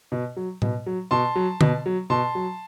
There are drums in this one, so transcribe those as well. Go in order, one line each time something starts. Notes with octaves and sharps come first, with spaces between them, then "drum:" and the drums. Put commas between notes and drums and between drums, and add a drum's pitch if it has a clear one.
B2
F#3
B2, drum: tom A2
F#3
B2 A5 C6
F#3
B2, drum: tom D3
F#3
B2 A5 C6
F#3